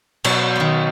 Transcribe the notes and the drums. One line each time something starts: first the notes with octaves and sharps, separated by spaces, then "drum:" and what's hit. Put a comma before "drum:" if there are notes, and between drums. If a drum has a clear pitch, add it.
B2 F#3, drum: cymbal
D#3 B3